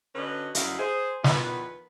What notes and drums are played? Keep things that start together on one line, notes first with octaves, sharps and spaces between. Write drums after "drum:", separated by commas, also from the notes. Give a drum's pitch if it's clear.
D3 C#4 F#4 B4 D#5
F#2 D3 E4 D#5 F5, drum: hi-hat
G#4 C5
E2 D#3 B3 F4 B4, drum: snare